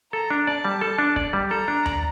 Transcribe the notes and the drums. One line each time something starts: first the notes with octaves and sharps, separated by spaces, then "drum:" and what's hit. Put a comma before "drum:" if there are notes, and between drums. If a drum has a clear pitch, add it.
A4 A#5
D4
D5 A5
G3
A4
D4
D5, drum: kick
G3
A4 A#5
D4
D5, drum: tom D#2